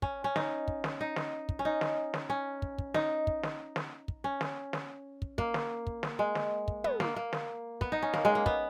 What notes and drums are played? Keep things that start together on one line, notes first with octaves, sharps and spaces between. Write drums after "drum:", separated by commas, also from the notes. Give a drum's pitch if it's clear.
C#4, drum: kick
C#4
D#4, drum: snare
drum: kick
drum: snare
D#4
drum: snare
drum: kick
C#4
D#4
drum: snare
drum: snare
C#4
drum: kick
drum: kick
D#4, drum: snare
drum: kick
drum: snare
drum: snare
drum: kick
C#4
drum: snare
drum: snare
drum: kick
A#3, drum: kick
drum: snare
drum: kick
drum: snare
G#3
drum: snare
drum: kick
B3, drum: tom
A#3, drum: snare
A#3
drum: snare
B3, drum: kick
D#4
C#4
A#3, drum: snare
G#3
A#3
B3, drum: kick